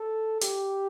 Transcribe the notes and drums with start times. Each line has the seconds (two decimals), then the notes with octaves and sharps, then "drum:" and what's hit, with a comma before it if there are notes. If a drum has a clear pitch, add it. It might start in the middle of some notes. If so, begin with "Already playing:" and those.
Already playing: A4
0.41 G4, drum: hi-hat